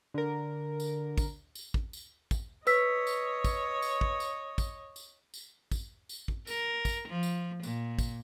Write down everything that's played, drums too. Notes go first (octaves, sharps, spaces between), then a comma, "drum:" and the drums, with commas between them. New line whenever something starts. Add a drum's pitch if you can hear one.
D3 A#4
drum: tambourine
drum: kick, tambourine
drum: tambourine
drum: kick
drum: tambourine
drum: kick, tambourine
B4 C#5 D#5 E6 B6, drum: tambourine
drum: tambourine
drum: kick, tambourine
drum: tambourine
drum: kick
drum: tambourine
drum: kick, tambourine
drum: tambourine
drum: tambourine
drum: kick, tambourine
drum: tambourine
drum: kick
A#4, drum: tambourine
drum: kick, tambourine
F3
drum: tambourine
A#2, drum: tambourine
drum: kick, tambourine